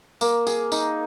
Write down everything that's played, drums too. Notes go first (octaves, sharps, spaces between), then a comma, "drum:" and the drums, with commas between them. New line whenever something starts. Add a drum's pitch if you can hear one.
A#3, drum: tambourine
G#4, drum: tambourine
D#4, drum: tambourine